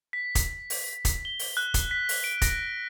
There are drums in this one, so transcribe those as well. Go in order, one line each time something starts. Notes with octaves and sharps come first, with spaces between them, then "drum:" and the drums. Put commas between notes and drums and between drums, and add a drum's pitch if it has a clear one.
B6
drum: kick, hi-hat
drum: open hi-hat
drum: kick, hi-hat
G7
drum: open hi-hat
F#6
drum: kick, hi-hat
B6
drum: open hi-hat
D7
A#6, drum: kick, hi-hat